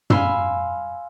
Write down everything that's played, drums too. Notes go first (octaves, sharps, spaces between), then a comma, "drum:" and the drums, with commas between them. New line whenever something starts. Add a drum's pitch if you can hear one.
F5 G#5 B5 C6 E6, drum: tom